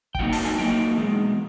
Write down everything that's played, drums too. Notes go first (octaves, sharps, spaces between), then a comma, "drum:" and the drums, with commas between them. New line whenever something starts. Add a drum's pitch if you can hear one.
G5, drum: kick
A#2 F#3 A#3 D#4 F#5
A5, drum: open hi-hat
G#5
A#2 F#3 A#3 D#4 G5
E2 B2 G#3